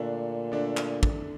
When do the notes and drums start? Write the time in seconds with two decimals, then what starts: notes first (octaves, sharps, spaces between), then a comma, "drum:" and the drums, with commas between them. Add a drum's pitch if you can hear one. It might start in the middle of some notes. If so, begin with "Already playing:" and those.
Already playing: A#2 D3 A3 D4
0.52 D3 A3 D4
0.77 drum: clap
1.03 drum: kick